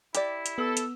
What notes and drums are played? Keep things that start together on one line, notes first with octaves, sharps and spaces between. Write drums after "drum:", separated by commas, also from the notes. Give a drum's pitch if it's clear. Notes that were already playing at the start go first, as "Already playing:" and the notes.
E4 G4 D5, drum: hi-hat
drum: hi-hat
B3 A4 E6
drum: hi-hat